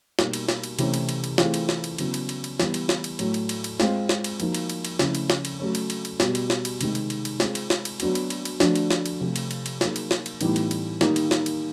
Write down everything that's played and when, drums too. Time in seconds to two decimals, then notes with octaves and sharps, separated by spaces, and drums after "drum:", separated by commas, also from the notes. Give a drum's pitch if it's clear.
0.19 B2 G3 A#3 D#4 F#4, drum: snare
0.33 drum: cymbal
0.48 drum: snare
0.64 drum: cymbal
0.79 C3 E3 A3 C#4 E4, drum: cymbal
0.94 drum: cymbal
1.09 drum: cymbal
1.24 drum: cymbal
1.38 E3 A3 C4 F4 G#4, drum: snare
1.54 drum: cymbal
1.69 drum: snare
1.84 drum: cymbal
1.98 C#3 F#3 B3 E4, drum: cymbal
2.14 drum: cymbal
2.29 drum: cymbal
2.44 drum: cymbal
2.60 E3 G3 B3, drum: snare
2.74 drum: cymbal
2.89 drum: snare
3.04 drum: cymbal
3.19 A2 F#3 A3, drum: cymbal
3.34 drum: cymbal
3.49 drum: cymbal
3.64 drum: cymbal
3.80 G#3 C4 F4 G#4, drum: snare
4.09 drum: snare
4.24 drum: cymbal
4.40 F3 A#3 D#4 F#4, drum: cymbal
4.54 drum: cymbal
4.69 drum: cymbal
4.85 drum: cymbal
4.99 C#3 F3 A3 C4 E4, drum: snare
5.15 drum: cymbal
5.30 drum: snare
5.45 drum: cymbal
5.59 F#3 A3 C#4
5.75 drum: cymbal
5.90 drum: cymbal
6.05 drum: cymbal
6.20 B2 G3 B3, drum: snare
6.35 drum: cymbal
6.50 drum: snare
6.65 drum: cymbal
6.81 C3 D#3 G#3, drum: cymbal
6.95 drum: cymbal
7.10 drum: cymbal
7.25 drum: cymbal
7.40 G#3 C4 F4 G#4, drum: snare
7.55 drum: cymbal
7.70 drum: snare
7.85 drum: cymbal
8.00 F#3 B3 D4 F#4, drum: cymbal
8.15 drum: cymbal
8.30 drum: cymbal
8.45 drum: cymbal
8.60 D3 F3 A3 D4 F#4, drum: snare
8.75 drum: cymbal
8.91 drum: snare
9.06 drum: cymbal
9.21 C3 F3 A3
9.36 drum: cymbal
9.51 drum: cymbal
9.66 drum: cymbal
9.81 F#3 A#3 D#4 G#4, drum: snare
9.96 drum: cymbal
10.11 drum: snare
10.26 drum: cymbal
10.41 A2 E3 G3 B3 D#4, drum: cymbal
10.56 drum: cymbal
10.71 drum: cymbal
11.01 D#3 G3 A#3 D#4, drum: snare
11.16 drum: cymbal
11.31 drum: snare
11.46 drum: cymbal